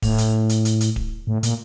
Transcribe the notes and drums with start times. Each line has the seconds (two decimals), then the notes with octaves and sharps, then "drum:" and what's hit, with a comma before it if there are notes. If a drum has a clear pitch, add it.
0.02 A2, drum: kick D1, open hi-hat
0.18 drum: hi-hat
0.49 drum: hi-hat
0.65 drum: hi-hat
0.81 drum: hi-hat
0.96 drum: kick D1
1.27 A2
1.43 A#2, drum: hi-hat